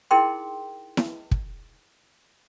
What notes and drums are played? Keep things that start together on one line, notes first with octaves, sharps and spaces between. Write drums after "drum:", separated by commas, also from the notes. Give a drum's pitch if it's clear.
D#4 E4 G#4 A#4 G5 C6
drum: snare E4
drum: kick